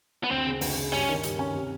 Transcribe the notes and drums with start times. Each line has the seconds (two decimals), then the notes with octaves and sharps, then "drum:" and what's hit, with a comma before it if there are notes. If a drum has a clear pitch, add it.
0.24 B3
0.31 D2 C4
0.47 C#3
0.61 D2, drum: open hi-hat
0.77 C#3
0.93 G2 C#4
1.09 D#3
1.23 G2, drum: hi-hat
1.39 C#4
1.54 C3